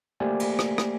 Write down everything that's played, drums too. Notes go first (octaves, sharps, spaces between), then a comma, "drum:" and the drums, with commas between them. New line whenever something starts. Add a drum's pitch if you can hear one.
A3 A#3 G4 C5 D5 G#5
drum: cymbal
drum: rim click
drum: rim click